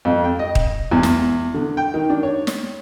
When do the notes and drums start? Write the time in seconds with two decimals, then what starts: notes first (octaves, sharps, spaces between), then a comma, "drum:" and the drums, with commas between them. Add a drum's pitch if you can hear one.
0.05 F2
0.24 G5
0.39 D#5
0.55 drum: kick D#1
0.91 E2
1.03 drum: snare
1.54 D3
1.77 G5
1.94 D#3
2.10 D4
2.23 C#5
2.47 drum: snare